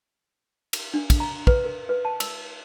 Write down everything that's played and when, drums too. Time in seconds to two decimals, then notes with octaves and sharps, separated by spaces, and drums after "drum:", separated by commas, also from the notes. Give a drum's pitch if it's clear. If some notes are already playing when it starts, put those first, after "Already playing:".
0.73 drum: cymbal
0.94 D4
1.10 drum: kick, cymbal
1.20 A#5
1.47 B4, drum: kick
1.65 A#4
1.89 B4
2.05 A5
2.20 E6, drum: cymbal